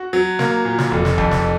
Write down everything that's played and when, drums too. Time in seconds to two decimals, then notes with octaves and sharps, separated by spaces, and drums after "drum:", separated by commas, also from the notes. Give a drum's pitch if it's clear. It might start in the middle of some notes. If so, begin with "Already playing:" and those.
Already playing: F#4
0.13 F#3
0.39 A#3, drum: snare
0.65 A#2
0.78 drum: snare
0.91 F1
1.05 drum: snare
1.18 F2, drum: kick D1
1.31 drum: snare